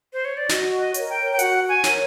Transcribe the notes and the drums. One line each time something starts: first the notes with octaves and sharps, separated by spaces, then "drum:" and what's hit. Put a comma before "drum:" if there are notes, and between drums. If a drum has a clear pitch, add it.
C5
C#5
D5
F#4 D#5, drum: snare
D#5
A#4 C#5, drum: hi-hat
G5
G5
F#4 F#5, drum: hi-hat
G#5
A#4 C#5, drum: snare